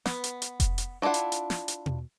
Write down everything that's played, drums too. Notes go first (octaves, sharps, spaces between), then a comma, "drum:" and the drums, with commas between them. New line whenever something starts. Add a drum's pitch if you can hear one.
B3, drum: snare
drum: hi-hat
drum: hi-hat
drum: kick F1, hi-hat
drum: hi-hat
F#3 D4 E4 F4 F#5
drum: hi-hat
drum: hi-hat
drum: snare
drum: hi-hat
drum: tom B2